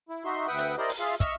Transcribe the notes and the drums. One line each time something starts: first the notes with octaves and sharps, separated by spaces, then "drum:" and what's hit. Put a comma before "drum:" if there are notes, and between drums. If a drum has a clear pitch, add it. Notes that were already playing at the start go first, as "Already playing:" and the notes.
E4
D#4 F#4 E5 C6
D2 B4 E5 F#5 G5 D#6
drum: hi-hat
E4 G4 A#4 C5 D5 D#5
drum: open hi-hat
F4 G#4 E5 F5
D#5 E5 C#6 E6 F6, drum: kick, hi-hat